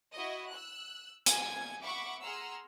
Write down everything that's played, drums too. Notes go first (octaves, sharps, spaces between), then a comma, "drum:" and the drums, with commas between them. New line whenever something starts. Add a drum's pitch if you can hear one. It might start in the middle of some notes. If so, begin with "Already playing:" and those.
E4 F#4 D#5
E6 F#6
G#5 G#6, drum: hi-hat
E5 F#5 B5 C#6 D6
G#4 F#5 A#5 C6 E6 F6